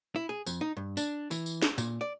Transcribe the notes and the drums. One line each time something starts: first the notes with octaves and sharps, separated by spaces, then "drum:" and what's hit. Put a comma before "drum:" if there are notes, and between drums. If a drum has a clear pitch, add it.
E4
G#4
F2, drum: tambourine
D#4
G2
D4, drum: tambourine
E3, drum: tambourine
drum: tambourine
drum: snare
A#2, drum: tambourine
D5